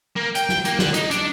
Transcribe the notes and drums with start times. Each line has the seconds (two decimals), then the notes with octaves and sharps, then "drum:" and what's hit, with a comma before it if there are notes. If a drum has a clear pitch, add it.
0.16 A#3
0.35 G5, drum: hi-hat
0.49 drum: snare
0.65 A#3, drum: hi-hat
0.79 D3, drum: snare
0.94 D#4, drum: hi-hat
1.11 D4, drum: hi-hat